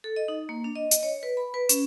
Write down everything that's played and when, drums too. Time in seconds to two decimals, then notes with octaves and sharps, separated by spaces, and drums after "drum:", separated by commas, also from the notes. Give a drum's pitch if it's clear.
0.04 A4
0.16 D#5
0.28 D#4
0.49 A#3
0.64 D4
0.75 D#5
0.91 D#5, drum: hi-hat
1.03 C#5
1.23 B4
1.37 B5
1.54 B4
1.69 C#4, drum: hi-hat